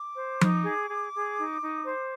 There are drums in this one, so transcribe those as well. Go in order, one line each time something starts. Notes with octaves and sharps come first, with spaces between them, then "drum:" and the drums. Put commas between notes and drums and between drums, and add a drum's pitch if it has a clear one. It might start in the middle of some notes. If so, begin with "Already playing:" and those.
Already playing: D6
C5
D#4, drum: tom F3
G#4
G#4
G#4
D#4
D#4
C5